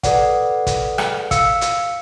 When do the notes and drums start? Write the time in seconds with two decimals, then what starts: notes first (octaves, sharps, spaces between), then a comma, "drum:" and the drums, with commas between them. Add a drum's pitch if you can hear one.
0.03 A4 B4 D5 F#5, drum: kick, hi-hat
0.67 drum: kick, hi-hat
0.98 drum: rim click
1.31 F5 E6 C#7, drum: kick, hi-hat
1.61 drum: hi-hat